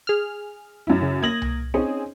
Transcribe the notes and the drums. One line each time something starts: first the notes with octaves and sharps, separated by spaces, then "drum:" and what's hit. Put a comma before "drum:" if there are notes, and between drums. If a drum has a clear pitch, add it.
G#4 F6
F#2 E4
C#3
A#3 D#6 G#6 A#6 F#7
drum: tom C2
C4 C#4 D#4 G#4